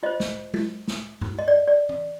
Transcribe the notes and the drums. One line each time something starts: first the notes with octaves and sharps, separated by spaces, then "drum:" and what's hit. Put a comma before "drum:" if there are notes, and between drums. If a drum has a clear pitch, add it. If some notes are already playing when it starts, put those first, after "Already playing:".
F4 C5 D#5
drum: snare
drum: tom G#3
drum: snare
drum: tom G2
D#5
D5
D5
drum: tom